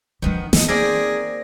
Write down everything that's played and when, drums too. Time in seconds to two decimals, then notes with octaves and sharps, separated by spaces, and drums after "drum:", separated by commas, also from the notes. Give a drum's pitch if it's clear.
0.22 D#3 F3 B3 D4
0.53 D#4 A4 D#5, drum: snare
0.68 A#3 C4 G#4 D5 A#6